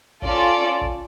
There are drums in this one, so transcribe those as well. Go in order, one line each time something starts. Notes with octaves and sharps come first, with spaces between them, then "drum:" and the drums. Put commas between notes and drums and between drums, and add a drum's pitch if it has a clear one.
C#4 F4 A4 D5, drum: kick
drum: kick